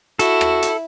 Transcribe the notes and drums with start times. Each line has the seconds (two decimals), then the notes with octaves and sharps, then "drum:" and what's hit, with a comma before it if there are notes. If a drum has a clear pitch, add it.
0.19 E4 F#4 A4, drum: hi-hat
0.41 drum: rim click
0.62 drum: hi-hat